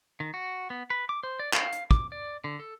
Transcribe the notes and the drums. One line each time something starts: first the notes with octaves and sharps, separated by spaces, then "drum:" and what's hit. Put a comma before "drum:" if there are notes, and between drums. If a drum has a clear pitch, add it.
D#3
F#4
B3
B4
D6
C5
D5
F5, drum: clap
drum: hi-hat
D6, drum: kick
D5
D3
A4